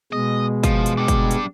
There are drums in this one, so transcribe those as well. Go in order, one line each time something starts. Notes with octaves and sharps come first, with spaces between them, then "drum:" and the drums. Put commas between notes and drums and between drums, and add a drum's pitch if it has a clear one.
B2 G#3 D#5
F3, drum: kick, hi-hat
drum: hi-hat
G3 D4
drum: kick, hi-hat
drum: hi-hat